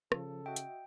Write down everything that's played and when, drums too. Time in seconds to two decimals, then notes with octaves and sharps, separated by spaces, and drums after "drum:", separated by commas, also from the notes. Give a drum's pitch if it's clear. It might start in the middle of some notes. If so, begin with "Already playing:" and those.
0.12 C#3 F3 A4, drum: rim click
0.46 F#4 D#5 E5 G5
0.56 drum: hi-hat